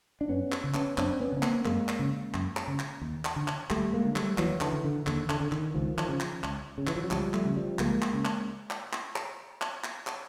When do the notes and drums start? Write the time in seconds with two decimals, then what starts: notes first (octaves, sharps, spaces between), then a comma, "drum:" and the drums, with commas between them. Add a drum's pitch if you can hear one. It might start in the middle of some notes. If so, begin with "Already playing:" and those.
0.21 D4
0.29 F#2 B3 C#4
0.52 drum: clap
0.64 C#3
0.74 B3 C#4, drum: clap
0.98 F#2 C4 D4, drum: clap
1.20 B3 C#4
1.32 C#3 C#4
1.43 A#3 C4, drum: clap
1.65 F#2 G#3 A#3, drum: clap
1.88 drum: clap
1.99 C#3
2.34 F#2, drum: clap
2.57 drum: clap
2.68 C#3
2.79 drum: clap
3.01 D#2
3.25 drum: clap
3.36 D3
3.48 drum: clap
3.70 D#2 G3 A3, drum: clap
3.93 G#3 A#3
4.05 D3
4.16 G3 A3, drum: clap
4.38 D#2 E3 F#3, drum: clap
4.61 D3 E3, drum: clap
4.73 D3
4.84 D3
5.07 D#2 D3, drum: clap
5.29 D3, drum: clap
5.40 D3
5.52 D#3, drum: clap
5.74 C#2 D#3 F3
5.98 D#3 F3, drum: clap
6.08 C#3
6.20 drum: clap
6.43 C#2, drum: clap
6.78 C#3
6.87 E3, drum: clap
6.96 F3
7.03 F#3
7.11 C#2 F3 G3, drum: clap
7.34 G3 A3, drum: clap
7.45 C#3
7.57 F3 G3
7.79 C#2 G#3 A#3, drum: clap
8.02 drum: clap
8.13 C#3
8.25 drum: clap
8.70 drum: clap
8.93 drum: clap
9.16 drum: clap
9.61 drum: clap
9.84 drum: clap
10.07 drum: clap